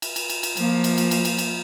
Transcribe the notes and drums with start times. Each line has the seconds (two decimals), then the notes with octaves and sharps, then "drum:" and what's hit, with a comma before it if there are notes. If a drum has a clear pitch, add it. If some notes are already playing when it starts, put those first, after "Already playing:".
0.02 drum: cymbal
0.16 drum: cymbal
0.30 drum: cymbal
0.43 drum: cymbal
0.57 F3 A#3, drum: cymbal
0.84 drum: cymbal
0.98 drum: cymbal
1.11 drum: cymbal
1.25 drum: cymbal
1.38 drum: cymbal